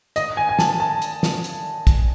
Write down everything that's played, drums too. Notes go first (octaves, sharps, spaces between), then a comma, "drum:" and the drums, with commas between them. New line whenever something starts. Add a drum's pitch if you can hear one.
D#5, drum: hi-hat
G#5
G#5
A5, drum: snare
A5
drum: hi-hat
drum: snare
drum: hi-hat
drum: kick, hi-hat